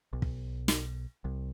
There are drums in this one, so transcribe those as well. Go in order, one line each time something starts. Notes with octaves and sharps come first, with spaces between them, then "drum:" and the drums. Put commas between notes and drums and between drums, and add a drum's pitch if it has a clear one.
B1
drum: kick
drum: snare
C2